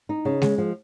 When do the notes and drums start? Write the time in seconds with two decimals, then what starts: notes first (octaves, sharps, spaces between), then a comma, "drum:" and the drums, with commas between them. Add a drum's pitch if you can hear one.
0.09 D#4
0.25 C#3
0.42 G#3, drum: snare
0.58 F3